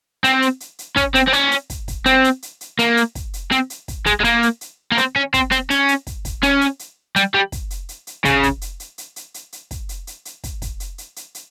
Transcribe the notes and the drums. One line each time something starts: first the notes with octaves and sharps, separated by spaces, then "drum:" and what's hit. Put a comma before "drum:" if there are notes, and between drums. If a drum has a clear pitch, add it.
C4, drum: hi-hat
drum: hi-hat
drum: hi-hat
drum: hi-hat
C#4, drum: kick, hi-hat
C4, drum: hi-hat
C4
C#4, drum: hi-hat
drum: hi-hat
drum: kick, hi-hat
drum: kick, hi-hat
C4, drum: hi-hat
drum: hi-hat
drum: hi-hat
drum: hi-hat
A#3, drum: hi-hat
drum: hi-hat
drum: kick, hi-hat
drum: hi-hat
C4, drum: hi-hat
drum: hi-hat
drum: kick, hi-hat
G#3, drum: kick, hi-hat
G#3
A#3, drum: hi-hat
drum: hi-hat
drum: hi-hat
A#3
C4, drum: hi-hat
C#4
C4, drum: kick, hi-hat
C4, drum: hi-hat
C#4, drum: hi-hat
drum: hi-hat
drum: kick, hi-hat
drum: kick, hi-hat
C#4, drum: hi-hat
drum: hi-hat
drum: hi-hat
G3, drum: hi-hat
G3
drum: kick, hi-hat
drum: hi-hat
drum: hi-hat
drum: hi-hat
C#3, drum: kick, hi-hat
drum: kick, hi-hat
drum: hi-hat
drum: hi-hat
drum: hi-hat
drum: hi-hat
drum: hi-hat
drum: hi-hat
drum: kick, hi-hat
drum: hi-hat
drum: hi-hat
drum: hi-hat
drum: kick, hi-hat
drum: kick, hi-hat
drum: hi-hat
drum: hi-hat
drum: hi-hat
drum: hi-hat